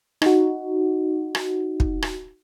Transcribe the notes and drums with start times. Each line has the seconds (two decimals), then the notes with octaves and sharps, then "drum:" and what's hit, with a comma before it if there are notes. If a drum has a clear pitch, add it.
0.22 D#4 F#4, drum: rim click
1.35 drum: rim click
1.80 drum: kick
2.02 drum: rim click